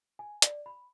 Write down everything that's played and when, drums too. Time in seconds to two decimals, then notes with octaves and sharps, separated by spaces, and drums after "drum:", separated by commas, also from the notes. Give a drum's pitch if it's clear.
0.19 G#5
0.42 D5, drum: hi-hat
0.66 B5